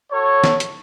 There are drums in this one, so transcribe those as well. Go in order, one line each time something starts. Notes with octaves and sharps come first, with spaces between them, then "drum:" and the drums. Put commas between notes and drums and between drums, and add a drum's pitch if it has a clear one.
F#4 A4 C#5
drum: snare
drum: hi-hat